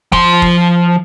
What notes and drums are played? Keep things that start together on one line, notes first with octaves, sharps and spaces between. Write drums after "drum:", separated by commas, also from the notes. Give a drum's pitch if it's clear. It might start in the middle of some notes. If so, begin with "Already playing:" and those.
F3 C6, drum: kick
drum: kick